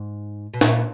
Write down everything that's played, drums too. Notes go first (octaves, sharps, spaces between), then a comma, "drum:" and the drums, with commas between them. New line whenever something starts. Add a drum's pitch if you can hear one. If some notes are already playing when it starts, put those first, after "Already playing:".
Already playing: G#2
B2
A#2, drum: snare